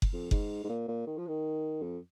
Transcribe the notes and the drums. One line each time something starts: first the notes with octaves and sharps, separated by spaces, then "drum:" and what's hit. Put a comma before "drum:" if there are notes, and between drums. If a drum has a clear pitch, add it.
drum: kick F#1
F2
G#2, drum: kick F#1
G#2
A#2
A#2
D#3
F3
D#3
F2